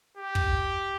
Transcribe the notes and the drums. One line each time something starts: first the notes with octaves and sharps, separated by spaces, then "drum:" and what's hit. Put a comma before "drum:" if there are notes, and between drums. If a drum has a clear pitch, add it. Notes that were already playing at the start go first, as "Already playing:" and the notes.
G4
drum: kick